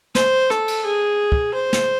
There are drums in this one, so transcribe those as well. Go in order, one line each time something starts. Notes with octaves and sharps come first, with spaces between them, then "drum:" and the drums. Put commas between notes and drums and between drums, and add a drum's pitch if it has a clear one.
C5, drum: snare
A4, drum: rim click
drum: cymbal
G#4
drum: kick
C5
drum: snare